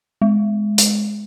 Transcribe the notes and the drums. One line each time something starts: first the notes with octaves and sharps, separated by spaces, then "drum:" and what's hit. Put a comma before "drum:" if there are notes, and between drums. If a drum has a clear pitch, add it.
G#3
drum: hi-hat